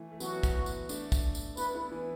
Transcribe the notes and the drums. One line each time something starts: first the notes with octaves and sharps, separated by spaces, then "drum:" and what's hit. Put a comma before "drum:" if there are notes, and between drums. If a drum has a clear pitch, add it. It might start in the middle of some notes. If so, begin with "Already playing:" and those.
Already playing: E3 A3
A3
F#3 B3 F#4, drum: tambourine
drum: kick, tambourine
drum: tambourine
A3 D4, drum: tambourine
drum: kick, tambourine
drum: tambourine
B3 E4 B4, drum: tambourine
B3 E4
E3